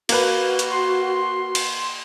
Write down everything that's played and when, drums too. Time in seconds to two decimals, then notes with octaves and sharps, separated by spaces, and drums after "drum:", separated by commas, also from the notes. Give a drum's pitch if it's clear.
0.09 A#3 F#4 B4, drum: cymbal
0.59 drum: hi-hat
0.71 C6
1.55 drum: cymbal